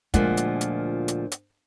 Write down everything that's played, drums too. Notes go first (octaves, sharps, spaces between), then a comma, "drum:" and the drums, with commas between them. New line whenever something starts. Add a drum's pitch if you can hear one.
D2 A#2 F3 G#3 F#5, drum: kick, hi-hat
drum: hi-hat
drum: hi-hat
drum: hi-hat
drum: hi-hat